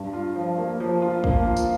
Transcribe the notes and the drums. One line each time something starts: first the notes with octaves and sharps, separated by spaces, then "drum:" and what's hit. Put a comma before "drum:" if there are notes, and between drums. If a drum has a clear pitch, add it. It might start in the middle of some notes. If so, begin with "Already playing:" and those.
Already playing: G2
F4
F3
A#3
F3
F4
A#3, drum: kick
F4
drum: tambourine